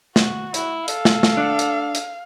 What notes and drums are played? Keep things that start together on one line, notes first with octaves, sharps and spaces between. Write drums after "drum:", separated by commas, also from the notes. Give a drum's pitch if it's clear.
F#4, drum: snare
E4, drum: hi-hat
A4 F5, drum: hi-hat
drum: snare
drum: snare
D4 F#5
drum: hi-hat
drum: hi-hat